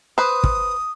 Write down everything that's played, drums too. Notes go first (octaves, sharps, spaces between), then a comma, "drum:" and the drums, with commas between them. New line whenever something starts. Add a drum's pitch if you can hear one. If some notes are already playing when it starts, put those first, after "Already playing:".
B4 C5 D#6
drum: kick